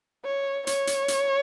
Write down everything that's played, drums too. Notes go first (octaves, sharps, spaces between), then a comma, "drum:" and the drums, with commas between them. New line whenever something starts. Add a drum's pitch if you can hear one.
C#5
C#5, drum: hi-hat
drum: hi-hat
drum: hi-hat